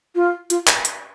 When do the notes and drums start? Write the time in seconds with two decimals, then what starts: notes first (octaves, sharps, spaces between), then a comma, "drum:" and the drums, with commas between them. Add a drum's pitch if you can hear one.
0.15 F4
0.50 F4, drum: hi-hat
0.67 drum: clap
0.85 drum: hi-hat